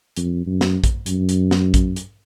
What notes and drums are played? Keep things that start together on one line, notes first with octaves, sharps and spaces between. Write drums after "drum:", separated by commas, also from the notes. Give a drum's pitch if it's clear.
F2, drum: hi-hat
F#2
drum: snare
drum: kick A#1, hi-hat
F#2, drum: hi-hat
drum: hi-hat
drum: snare
drum: kick A#1, hi-hat
drum: hi-hat